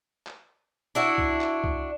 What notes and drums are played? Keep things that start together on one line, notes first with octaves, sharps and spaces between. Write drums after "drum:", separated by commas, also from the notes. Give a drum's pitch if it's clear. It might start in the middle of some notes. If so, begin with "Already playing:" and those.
drum: clap
D4 E4 F#4
drum: kick C2
drum: clap
drum: kick C2